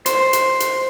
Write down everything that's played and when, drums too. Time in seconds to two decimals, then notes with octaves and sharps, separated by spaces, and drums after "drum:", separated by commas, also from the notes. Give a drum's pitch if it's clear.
0.06 C5, drum: hi-hat
0.33 drum: hi-hat
0.60 drum: hi-hat